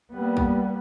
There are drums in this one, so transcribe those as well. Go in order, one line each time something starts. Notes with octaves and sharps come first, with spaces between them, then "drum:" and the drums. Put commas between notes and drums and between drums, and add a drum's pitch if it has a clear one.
G3 A#3 B3
drum: kick